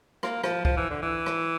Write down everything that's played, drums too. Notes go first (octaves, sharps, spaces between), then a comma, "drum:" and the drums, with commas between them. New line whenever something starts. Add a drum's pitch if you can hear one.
A#3, drum: rim click
F3, drum: rim click
F3, drum: kick
E3
D3
E3
drum: rim click